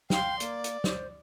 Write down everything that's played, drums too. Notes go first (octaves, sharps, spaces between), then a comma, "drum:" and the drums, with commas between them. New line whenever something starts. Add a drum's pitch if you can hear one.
F5 G5 C6, drum: snare
A#3 D5, drum: hi-hat
drum: hi-hat
C5, drum: snare